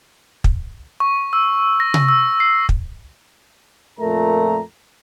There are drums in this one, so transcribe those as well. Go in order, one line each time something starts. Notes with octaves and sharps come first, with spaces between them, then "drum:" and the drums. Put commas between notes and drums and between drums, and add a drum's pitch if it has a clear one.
drum: kick
C#6
E6
A#6
drum: tom C3
E6
C7
drum: kick
F2 A#2 A3 A#4 A#5